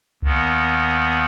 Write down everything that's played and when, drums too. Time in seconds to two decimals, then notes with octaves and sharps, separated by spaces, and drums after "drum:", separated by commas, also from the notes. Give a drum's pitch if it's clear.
0.22 D#2 D#3 B3, drum: kick C2